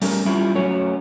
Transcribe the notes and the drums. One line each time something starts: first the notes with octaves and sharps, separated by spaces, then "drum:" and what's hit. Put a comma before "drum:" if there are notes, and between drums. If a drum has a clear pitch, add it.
G3 A3 C#4 G4 A#4, drum: open hi-hat
G3 C#4 E4 F4 G4
F#3 A3 C#4 F#4 C#5